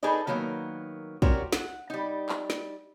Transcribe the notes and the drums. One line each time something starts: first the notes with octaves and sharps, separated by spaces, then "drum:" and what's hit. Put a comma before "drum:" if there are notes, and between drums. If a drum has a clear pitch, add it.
D#4 G#4 A4 B4 D5 D#5
D#3 F#3 A#3 B3
C#4 F#4 G4 A#4 C5 D5, drum: kick
F#5, drum: snare
G3 D#4
drum: clap
drum: snare